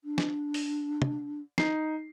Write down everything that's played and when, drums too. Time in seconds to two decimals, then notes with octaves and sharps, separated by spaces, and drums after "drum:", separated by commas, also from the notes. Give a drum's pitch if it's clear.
0.04 D4
0.18 drum: snare
0.54 drum: open hi-hat
1.02 drum: tom
1.58 D#4 C7, drum: snare